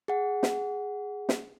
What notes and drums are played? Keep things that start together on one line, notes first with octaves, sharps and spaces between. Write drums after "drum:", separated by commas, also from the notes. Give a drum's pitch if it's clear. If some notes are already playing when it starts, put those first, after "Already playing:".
G#4 F#5
drum: snare
drum: snare